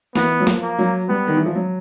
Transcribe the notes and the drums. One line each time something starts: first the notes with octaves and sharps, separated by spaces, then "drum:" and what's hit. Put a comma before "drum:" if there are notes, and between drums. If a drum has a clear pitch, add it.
E3 B3, drum: snare
F#3
F3, drum: snare
A#3
F#3
G3 B3
D#3
E3
F3
F#3